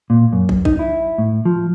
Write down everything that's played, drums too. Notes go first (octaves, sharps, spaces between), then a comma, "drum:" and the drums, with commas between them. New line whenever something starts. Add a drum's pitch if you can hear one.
A#2
F#2
drum: kick
D#4, drum: kick
E4
A2
F3